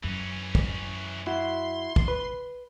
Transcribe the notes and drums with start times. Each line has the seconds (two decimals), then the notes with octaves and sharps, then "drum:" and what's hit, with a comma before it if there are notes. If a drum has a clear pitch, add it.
0.04 F#2 E3 C#4
0.55 drum: kick
1.27 E4 F#4 C6
1.96 drum: kick
2.08 B4